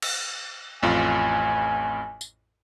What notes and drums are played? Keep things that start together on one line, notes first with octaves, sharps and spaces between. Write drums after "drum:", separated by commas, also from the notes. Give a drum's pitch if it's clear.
drum: cymbal
A1 F2 F4 G#5
drum: tambourine